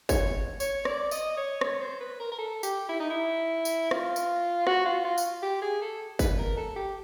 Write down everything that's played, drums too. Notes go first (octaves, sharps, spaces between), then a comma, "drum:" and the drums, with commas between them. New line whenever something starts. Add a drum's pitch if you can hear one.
C#5, drum: kick, tambourine
C#5, drum: tambourine
D5, drum: rim click
D#5, drum: tambourine
C#5
C#5, drum: rim click
C5
B4
A#4
A#4
A4
G4, drum: tambourine
E4
D#4
E4
drum: tambourine
F4, drum: rim click
drum: tambourine
F#4, drum: rim click
F4
F4
drum: tambourine
G4
G#4
A4
B4, drum: kick, tambourine
A#4
A4
G4